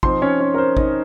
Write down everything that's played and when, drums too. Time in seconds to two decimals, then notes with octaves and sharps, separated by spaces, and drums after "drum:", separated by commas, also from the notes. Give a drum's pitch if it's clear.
0.03 F3 C4 D#4 C5 C6, drum: kick G#1
0.22 C#4 C#5
0.40 C#4 C#5
0.54 A#4
0.58 C5
0.77 D#4 D#5, drum: kick G#1